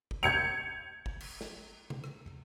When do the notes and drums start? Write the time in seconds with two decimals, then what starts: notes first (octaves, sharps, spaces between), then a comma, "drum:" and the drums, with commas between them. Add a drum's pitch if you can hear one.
0.11 drum: kick G1
0.23 G6 G#6 C#7 F7, drum: hi-hat
1.06 drum: kick G1
1.20 drum: cymbal
1.41 drum: snare
1.90 drum: tom C3
2.04 drum: rim click